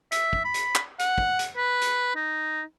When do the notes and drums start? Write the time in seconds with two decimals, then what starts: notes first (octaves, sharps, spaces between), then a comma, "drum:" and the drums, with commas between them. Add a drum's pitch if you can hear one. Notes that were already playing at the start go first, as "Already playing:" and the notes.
0.12 E5, drum: hi-hat
0.33 drum: kick
0.45 B5
0.54 drum: hi-hat
0.75 drum: clap
0.99 F#5, drum: hi-hat
1.18 drum: kick
1.39 drum: hi-hat
1.57 B4
1.81 drum: hi-hat
2.16 D#4